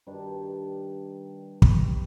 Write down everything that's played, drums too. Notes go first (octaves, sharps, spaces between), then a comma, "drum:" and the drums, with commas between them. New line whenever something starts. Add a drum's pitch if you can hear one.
G2 D#3 G3 D4
drum: kick